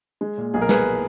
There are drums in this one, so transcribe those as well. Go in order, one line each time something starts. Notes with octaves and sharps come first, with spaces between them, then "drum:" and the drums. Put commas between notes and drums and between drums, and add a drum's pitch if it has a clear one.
G#3
A#2
B1 G#4
A#4
B3 G#4 B4, drum: snare